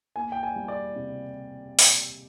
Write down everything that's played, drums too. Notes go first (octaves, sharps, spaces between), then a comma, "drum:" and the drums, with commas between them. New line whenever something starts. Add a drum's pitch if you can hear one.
A#3 G#5
G5
G#5
G3
D5
C3
drum: open hi-hat